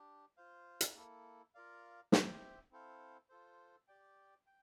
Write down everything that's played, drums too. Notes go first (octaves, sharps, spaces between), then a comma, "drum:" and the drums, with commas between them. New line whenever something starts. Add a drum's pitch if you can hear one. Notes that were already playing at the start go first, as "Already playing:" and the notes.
Already playing: D4 G4
F4 C5 F5
drum: hi-hat
A#3 E4 A4
F4 A#4 D5 F5
C4 G4 C5 E5 G5, drum: snare
C4 E4 A4 C5 F5
F4 A4 C5
G4 D5 G5
G5